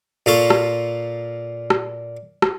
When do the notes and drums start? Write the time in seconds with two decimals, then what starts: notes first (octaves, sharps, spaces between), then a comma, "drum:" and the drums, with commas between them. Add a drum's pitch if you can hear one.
0.26 A#2 F4 A4 C#6
0.50 drum: rim click
1.70 drum: rim click
2.42 drum: rim click